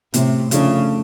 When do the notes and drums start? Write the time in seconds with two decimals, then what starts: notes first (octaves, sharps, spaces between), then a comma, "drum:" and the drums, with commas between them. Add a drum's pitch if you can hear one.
0.14 A2 C3, drum: hi-hat
0.51 C#3 F3 A3 D4, drum: hi-hat